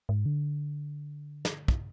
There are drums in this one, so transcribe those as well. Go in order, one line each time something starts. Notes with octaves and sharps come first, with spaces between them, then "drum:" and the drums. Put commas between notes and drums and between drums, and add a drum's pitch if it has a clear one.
G#2
D3
drum: snare
C#3, drum: kick